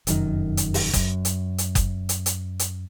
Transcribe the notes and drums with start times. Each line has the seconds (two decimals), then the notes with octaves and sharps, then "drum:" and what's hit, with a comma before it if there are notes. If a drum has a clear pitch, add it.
0.07 F1 F#2 D#3, drum: hi-hat
0.57 drum: hi-hat
0.74 drum: open hi-hat
0.93 F#2, drum: kick F#1, hi-hat
1.25 drum: hi-hat
1.58 drum: hi-hat
1.75 drum: kick F#1, hi-hat
2.09 drum: hi-hat
2.26 drum: hi-hat
2.59 drum: hi-hat